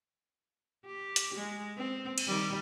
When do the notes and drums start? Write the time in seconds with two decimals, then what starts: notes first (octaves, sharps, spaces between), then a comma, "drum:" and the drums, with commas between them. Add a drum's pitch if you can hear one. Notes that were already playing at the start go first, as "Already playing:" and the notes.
0.86 G4
1.16 drum: hi-hat
1.34 G#3
1.77 C4
2.18 drum: cymbal
2.27 D#3 G3